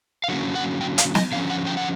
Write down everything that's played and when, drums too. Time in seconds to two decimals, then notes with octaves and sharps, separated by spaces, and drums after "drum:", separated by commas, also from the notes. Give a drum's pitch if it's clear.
0.24 F5
0.29 D3 F#3 A#3 C#4 F#5
0.55 F#5
0.81 G5
0.98 F5, drum: hi-hat
1.15 D#5, drum: snare
1.32 D3 F3 A#3 C#4 F5
1.50 F#5
1.67 G5
1.77 F#5